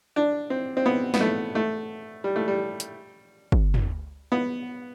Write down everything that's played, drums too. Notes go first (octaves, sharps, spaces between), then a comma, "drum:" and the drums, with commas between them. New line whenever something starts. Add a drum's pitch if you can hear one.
D4
C4
C4
B3
B3, drum: snare
A3
A3
G3
A3
G3
drum: hi-hat
drum: kick G1
drum: tom
B3